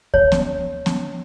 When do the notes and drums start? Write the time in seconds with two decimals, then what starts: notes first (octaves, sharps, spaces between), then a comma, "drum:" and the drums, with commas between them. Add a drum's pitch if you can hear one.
0.14 C#5, drum: kick D2
0.32 drum: snare B3
0.86 drum: snare B3